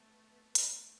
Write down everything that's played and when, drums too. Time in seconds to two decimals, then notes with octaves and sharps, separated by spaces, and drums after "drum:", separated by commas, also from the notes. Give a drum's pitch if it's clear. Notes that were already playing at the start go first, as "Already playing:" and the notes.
Already playing: A3 B3
0.55 A3, drum: hi-hat